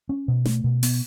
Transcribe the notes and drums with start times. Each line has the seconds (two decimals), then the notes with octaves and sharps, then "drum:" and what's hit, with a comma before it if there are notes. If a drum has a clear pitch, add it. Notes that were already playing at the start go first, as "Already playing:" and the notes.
0.09 C#4
0.28 B2
0.46 A3, drum: snare
0.64 B2
0.83 B3, drum: open hi-hat